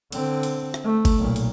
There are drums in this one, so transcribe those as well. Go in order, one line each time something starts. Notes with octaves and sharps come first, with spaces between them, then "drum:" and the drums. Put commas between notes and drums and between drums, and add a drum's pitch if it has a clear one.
D3 C4, drum: cymbal
drum: cymbal
drum: rim click
A3
drum: kick G1, cymbal
B1 A#2
drum: cymbal